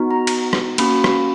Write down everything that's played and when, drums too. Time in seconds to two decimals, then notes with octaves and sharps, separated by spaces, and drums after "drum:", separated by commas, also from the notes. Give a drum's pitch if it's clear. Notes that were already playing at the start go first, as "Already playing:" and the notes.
Already playing: B3 D#4 F#4
0.11 A#5
0.27 drum: cymbal
0.53 drum: rim click
0.78 A#3 C#4 F#4 B5, drum: cymbal
1.04 drum: rim click